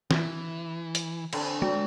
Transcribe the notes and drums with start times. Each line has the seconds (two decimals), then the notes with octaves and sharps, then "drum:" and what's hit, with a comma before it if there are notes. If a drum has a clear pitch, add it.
0.11 E3 E4, drum: snare
0.95 drum: hi-hat
1.33 D3 C4, drum: cymbal
1.62 G#3